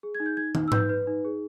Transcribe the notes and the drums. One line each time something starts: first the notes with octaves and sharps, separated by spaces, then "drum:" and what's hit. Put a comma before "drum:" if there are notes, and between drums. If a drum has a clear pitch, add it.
G#4
G#6
D#4
G6
D#4 G#6
D#4, drum: tom
E6
B4 G6, drum: tom G#2
B4
D#4
G#4